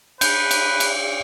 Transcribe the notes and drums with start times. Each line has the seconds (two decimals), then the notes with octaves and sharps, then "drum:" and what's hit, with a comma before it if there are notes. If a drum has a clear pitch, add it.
0.21 B4 G6, drum: cymbal
0.51 drum: cymbal
0.80 drum: cymbal